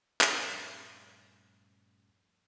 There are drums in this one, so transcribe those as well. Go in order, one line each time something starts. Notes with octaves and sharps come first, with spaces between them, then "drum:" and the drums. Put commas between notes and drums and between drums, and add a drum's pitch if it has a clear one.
G2 A#2 F3 G3 A3 C#4, drum: clap